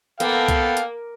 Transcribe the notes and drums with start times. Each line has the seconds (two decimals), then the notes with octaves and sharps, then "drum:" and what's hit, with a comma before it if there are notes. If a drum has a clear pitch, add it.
0.20 A#3 B3 A4 F5 G5, drum: hi-hat
0.48 drum: kick, hi-hat
0.77 drum: hi-hat